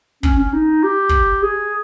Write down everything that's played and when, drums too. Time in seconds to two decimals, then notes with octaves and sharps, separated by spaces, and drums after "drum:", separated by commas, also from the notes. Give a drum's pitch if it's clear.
0.23 C#4, drum: kick
0.38 C#4
0.53 D#4
0.83 G4
1.09 drum: kick
1.43 G#4